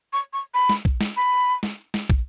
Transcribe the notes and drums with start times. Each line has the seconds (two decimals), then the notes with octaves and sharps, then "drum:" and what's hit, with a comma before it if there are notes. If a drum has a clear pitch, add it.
0.13 C#6
0.33 C#6
0.54 B5
0.69 drum: snare
0.85 drum: kick
1.01 drum: snare
1.17 B5
1.63 drum: snare
1.94 drum: snare
2.10 drum: kick